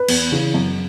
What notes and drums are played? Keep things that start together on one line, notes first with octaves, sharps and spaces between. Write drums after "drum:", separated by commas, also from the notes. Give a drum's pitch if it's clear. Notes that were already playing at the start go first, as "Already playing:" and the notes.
Already playing: B4
E2, drum: cymbal
C#3 E3
F#2